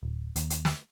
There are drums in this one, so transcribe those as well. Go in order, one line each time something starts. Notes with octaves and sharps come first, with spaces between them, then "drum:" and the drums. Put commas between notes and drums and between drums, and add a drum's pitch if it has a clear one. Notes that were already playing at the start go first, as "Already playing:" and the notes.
D1
D#2, drum: hi-hat
drum: hi-hat
drum: snare